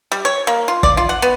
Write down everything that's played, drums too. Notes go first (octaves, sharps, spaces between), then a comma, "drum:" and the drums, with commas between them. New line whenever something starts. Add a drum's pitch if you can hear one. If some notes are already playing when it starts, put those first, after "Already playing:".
G3
C#5
A#3
F4
D5, drum: kick
F4
F#5
B3